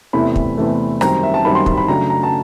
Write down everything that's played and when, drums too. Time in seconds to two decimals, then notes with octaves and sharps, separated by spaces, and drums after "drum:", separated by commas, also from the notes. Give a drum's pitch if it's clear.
0.13 E2 C3 E3 A3 B5
0.36 drum: kick
0.58 E2 C3 E3 A3
1.01 F#2 D#3 G3 C4 A#5, drum: rim click
1.23 E5
1.34 A5
1.45 F#2 D#3 G3 C4 B5
1.55 C6
1.66 C6, drum: kick
1.77 B5
1.88 C#3 F#3 A3 D4 A#5
2.10 A#5
2.23 A5